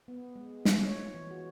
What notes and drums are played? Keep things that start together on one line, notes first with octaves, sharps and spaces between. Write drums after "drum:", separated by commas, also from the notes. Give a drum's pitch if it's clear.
B3
G#3
F4, drum: snare
C#5
E3
F#4